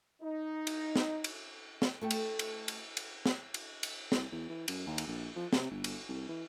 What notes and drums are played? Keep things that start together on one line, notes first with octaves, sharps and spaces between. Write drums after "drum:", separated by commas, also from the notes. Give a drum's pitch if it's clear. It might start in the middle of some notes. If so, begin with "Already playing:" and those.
D#4
drum: cymbal
drum: snare
drum: cymbal
drum: snare
A3 A4 G5
drum: cymbal
drum: cymbal
drum: cymbal
drum: cymbal
drum: snare
drum: cymbal
drum: cymbal
C2, drum: snare
E2
E3
F#2, drum: cymbal
D#2
drum: cymbal
A#1
F3
C3, drum: snare
G1
drum: cymbal
C2
E3